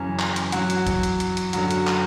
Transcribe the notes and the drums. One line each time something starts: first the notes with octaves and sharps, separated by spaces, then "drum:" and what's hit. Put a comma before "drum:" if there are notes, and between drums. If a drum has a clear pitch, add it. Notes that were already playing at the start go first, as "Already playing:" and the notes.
Already playing: F#2 C#3 E3 C#4
drum: clap
drum: hi-hat
F#3 F#4, drum: hi-hat
drum: hi-hat
drum: kick, hi-hat
drum: hi-hat
drum: hi-hat
drum: hi-hat
F#2 D3 F#3 F#4, drum: hi-hat
drum: hi-hat
drum: clap